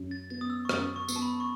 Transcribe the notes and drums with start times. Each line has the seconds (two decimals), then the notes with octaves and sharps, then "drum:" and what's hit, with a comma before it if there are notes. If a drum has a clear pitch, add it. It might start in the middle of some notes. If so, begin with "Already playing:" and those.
Already playing: F#2
0.11 A6
0.30 B3 A6
0.41 D#6
0.50 E6
0.65 C#6
0.69 F#2 D#6, drum: rim click
0.96 C#6
1.08 B3, drum: tambourine
1.16 A5
1.22 B5
1.40 C#6